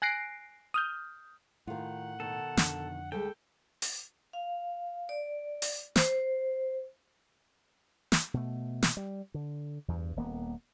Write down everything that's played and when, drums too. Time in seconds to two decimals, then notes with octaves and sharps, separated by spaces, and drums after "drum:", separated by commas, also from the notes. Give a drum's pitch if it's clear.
0.02 G#5 F#6 A#6 C7 D7
0.74 D#6 F6 G6
1.67 A2 D#3 F4 F#5
2.20 B2 D#3 A4
2.57 F2 D3 D4, drum: snare
3.12 D2 G3 G#3 A4 G5
3.82 drum: open hi-hat
4.33 F5
5.09 D5
5.62 drum: open hi-hat
5.96 C5, drum: snare
8.12 drum: snare
8.34 B2 A3
8.83 drum: snare
8.97 G3
9.34 D3
9.88 E2 G2
10.16 D#1 A#3 B3